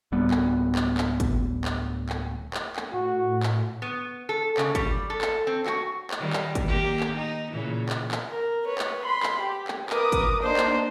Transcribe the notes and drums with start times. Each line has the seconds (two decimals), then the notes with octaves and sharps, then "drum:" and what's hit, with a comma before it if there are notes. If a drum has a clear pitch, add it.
0.12 D1 G3 B3
0.31 drum: clap
0.75 drum: clap
0.98 drum: clap
1.20 drum: kick, hi-hat
1.65 drum: clap
2.09 drum: clap
2.54 drum: clap
2.76 drum: clap
2.93 A2 F#4
3.43 drum: clap
3.82 B3
4.29 A4
4.57 C#3, drum: clap
4.75 G3, drum: kick, hi-hat
5.10 A4
5.21 drum: clap
5.47 C4
5.66 F#4, drum: clap
6.11 drum: clap
6.20 D#3 G3
6.33 drum: clap
6.55 drum: kick, hi-hat
6.68 D#3 A#3 G4
7.00 drum: clap
7.15 D#4
7.51 A#2 C#3 E3
7.89 drum: clap
8.11 drum: clap
8.30 A#4
8.66 B4 C#5
8.78 drum: clap
9.05 B5 C6
9.23 drum: clap
9.42 G4
9.68 drum: clap
9.90 A#4 B4 D6 D#6, drum: clap
10.12 drum: kick, hi-hat
10.43 A#3 D4 D#4 C5
10.57 drum: clap